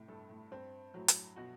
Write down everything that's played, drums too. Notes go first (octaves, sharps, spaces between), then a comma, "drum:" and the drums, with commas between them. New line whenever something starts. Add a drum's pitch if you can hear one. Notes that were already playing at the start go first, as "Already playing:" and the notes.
Already playing: A2 C3
G2 A4
A2
G2 C4
A2 F#3
drum: hi-hat
B2 F#4